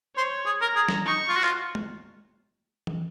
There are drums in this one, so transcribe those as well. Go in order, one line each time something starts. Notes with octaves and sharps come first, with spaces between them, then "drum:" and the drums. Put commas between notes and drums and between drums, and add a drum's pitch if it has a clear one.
C5 C#5
G#4
A#4 A#5
G#4
drum: snare
D#4 C#6
F4
F#4
F4, drum: clap
drum: tom G#3
drum: tom E3